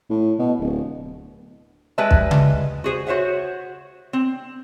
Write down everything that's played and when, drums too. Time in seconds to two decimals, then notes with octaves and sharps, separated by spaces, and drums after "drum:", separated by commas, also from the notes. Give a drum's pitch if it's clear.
0.10 A2
0.39 B2
0.59 D1
1.98 G3 G#3 B4 D#5 E5 A5
2.11 drum: kick
2.31 drum: tom C#3
2.84 F#4 G#4 C5
3.06 F#4 C5 C#5 E5 F#5
4.13 C4